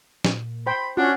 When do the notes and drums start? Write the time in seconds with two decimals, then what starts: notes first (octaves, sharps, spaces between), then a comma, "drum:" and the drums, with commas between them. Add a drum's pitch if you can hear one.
0.24 A#2, drum: snare
0.67 C5 G5 B5
0.97 C#4 D4 F4 F#4